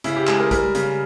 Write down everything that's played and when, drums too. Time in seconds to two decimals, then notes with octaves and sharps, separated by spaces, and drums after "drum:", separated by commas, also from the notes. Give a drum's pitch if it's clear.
0.04 C#3 E4, drum: hi-hat
0.16 G4
0.27 G#3 G#4, drum: clap
0.40 A#4
0.51 G3 A#4, drum: kick, hi-hat
0.75 C#3, drum: hi-hat